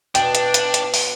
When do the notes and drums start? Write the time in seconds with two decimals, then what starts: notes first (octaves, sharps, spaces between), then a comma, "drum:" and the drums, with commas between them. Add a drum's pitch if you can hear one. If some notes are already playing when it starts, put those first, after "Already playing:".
0.15 B2 D4 G5, drum: hi-hat
0.35 drum: hi-hat
0.54 drum: hi-hat
0.74 drum: hi-hat
0.94 drum: open hi-hat